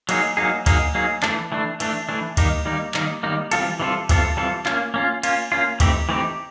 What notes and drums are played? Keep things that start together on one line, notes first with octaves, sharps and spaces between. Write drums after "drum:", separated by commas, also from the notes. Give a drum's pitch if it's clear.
F#3 A#3 D#4 G#4, drum: cymbal
F#3 A#3 D#4 G#4
F#3 A#3 D#4 G#4, drum: kick, cymbal
F#3 A#3 D#4 G#4
E3 A3 D4, drum: clap
E3 A3 D4
E3 A3 D4, drum: cymbal
E3 A3 D4
D#3 G3 A#3 D#4, drum: kick, cymbal
D#3 G3 A#3 D#4
D#3 G3 A#3 D#4, drum: clap
D#3 G3 A#3 D#4
E3 G3 C4 F4 A4, drum: cymbal
E3 G3 C4 F4 A4
E3 G3 C4 F4 A4, drum: kick, cymbal
E3 G3 C4 F4 A4
A#3 C#4 F4, drum: clap
A#3 C#4 F4
A#3 C#4 F4, drum: cymbal
A#3 C#4 F4
E3 A3 C4 D#4 G4, drum: kick, cymbal
E3 A3 C4 D#4 G4